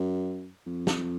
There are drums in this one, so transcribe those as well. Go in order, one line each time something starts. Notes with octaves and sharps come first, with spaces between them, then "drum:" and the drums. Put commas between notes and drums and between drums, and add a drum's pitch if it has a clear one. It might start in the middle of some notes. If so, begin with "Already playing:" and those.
Already playing: F#2
F2
drum: snare